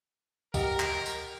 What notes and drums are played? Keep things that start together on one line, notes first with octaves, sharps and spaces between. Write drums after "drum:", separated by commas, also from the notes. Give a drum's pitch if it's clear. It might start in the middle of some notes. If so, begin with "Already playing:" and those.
G4 A#4 D#5 F#5, drum: kick, tambourine
drum: clap
drum: tambourine